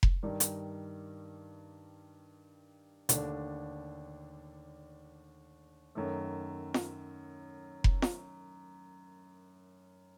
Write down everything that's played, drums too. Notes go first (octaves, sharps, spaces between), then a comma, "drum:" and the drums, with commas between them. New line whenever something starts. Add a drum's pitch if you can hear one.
drum: kick F1
G2 D#3 G3
drum: hi-hat
D#2 D3 A3 D4, drum: hi-hat
F#2 D#3 A3
drum: snare F4
drum: kick F1
drum: snare F4